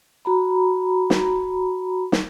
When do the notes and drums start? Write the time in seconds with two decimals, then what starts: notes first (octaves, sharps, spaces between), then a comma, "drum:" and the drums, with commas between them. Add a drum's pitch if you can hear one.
0.25 F#4 A#5 B5
1.10 drum: snare
2.12 drum: snare